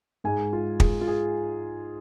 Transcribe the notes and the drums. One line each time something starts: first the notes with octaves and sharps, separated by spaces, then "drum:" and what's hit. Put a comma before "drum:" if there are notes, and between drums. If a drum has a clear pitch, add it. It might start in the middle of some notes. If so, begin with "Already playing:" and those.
G#2 G#3 G#5
F4
G#4, drum: kick
F4
G#4